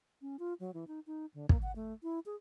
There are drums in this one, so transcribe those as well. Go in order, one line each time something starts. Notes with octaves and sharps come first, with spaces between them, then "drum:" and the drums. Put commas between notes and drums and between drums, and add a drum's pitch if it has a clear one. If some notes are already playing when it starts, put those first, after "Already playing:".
C#4
F4
F#3
E3
D#4
D#4
D3
A#3, drum: kick
F#5
A3
E4
G#4